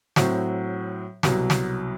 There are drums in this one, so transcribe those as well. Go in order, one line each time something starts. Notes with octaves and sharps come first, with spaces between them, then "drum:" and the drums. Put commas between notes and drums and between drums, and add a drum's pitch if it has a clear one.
A2 F#3 C4 F#4, drum: snare
C2 B2 F#3, drum: snare
drum: snare